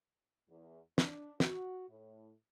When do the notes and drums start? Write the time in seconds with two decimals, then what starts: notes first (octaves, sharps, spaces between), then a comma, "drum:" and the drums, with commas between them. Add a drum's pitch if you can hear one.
0.49 E2
0.98 D4, drum: snare
1.40 F#4, drum: snare
1.89 A2